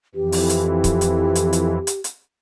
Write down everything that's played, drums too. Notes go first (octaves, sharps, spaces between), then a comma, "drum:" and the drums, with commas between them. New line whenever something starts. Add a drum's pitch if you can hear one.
F2 E3 G4
drum: open hi-hat
drum: hi-hat
drum: kick C#1, hi-hat
drum: hi-hat
drum: hi-hat
drum: hi-hat
drum: hi-hat
drum: hi-hat